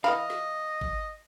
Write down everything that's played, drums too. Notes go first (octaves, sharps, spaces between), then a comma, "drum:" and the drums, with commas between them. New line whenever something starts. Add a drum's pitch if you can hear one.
E3 E4 D#5 F5 B5
drum: snare
drum: kick G#1